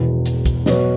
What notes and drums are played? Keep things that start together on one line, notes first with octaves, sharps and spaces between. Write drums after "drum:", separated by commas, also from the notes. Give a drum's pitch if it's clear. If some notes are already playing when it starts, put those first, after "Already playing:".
Already playing: E1 E2 B2 B3
drum: hi-hat
drum: kick, hi-hat
B2 F#3 B3 F#4 C#5, drum: snare